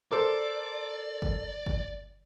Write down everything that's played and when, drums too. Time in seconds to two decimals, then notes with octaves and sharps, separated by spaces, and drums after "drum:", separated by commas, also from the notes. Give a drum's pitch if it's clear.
0.11 A4 A#4 C5 D5 D6
1.22 drum: kick G1
1.66 drum: kick G1